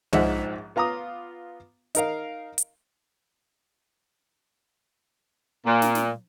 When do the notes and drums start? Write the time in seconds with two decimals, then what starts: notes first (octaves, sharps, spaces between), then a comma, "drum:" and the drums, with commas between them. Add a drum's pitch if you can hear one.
0.13 A#1 G#2 F3 G#3 E5 F#5, drum: tom
0.76 B3 F4 A#5 D6 D#6
1.95 D#4 A#4 F5, drum: hi-hat
2.58 drum: hi-hat
5.65 A#2
5.82 drum: snare
5.95 drum: snare